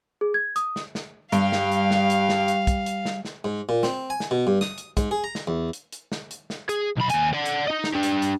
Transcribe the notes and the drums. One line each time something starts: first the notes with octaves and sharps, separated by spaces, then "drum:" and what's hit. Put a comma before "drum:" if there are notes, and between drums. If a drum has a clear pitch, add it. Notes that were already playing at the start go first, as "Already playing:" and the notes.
G#4
G#6
D#6, drum: hi-hat
drum: snare
drum: snare
G2 G3 F5, drum: hi-hat
drum: snare
drum: hi-hat
drum: snare
drum: hi-hat
drum: snare
drum: hi-hat
drum: kick, hi-hat
drum: hi-hat
drum: snare
drum: snare
G#2
A#2
C4, drum: snare
G#5
drum: snare
B2
G2
D#6, drum: snare
drum: hi-hat
G#2, drum: kick, hi-hat
G#4
A#5
drum: snare
E2
drum: hi-hat
drum: hi-hat
drum: snare
drum: hi-hat
drum: snare
G#4, drum: hi-hat
B1 B5
D#2 G#5, drum: hi-hat
D5 F#5
drum: hi-hat
D#4 D#5
drum: snare
D4 G4
drum: hi-hat
drum: hi-hat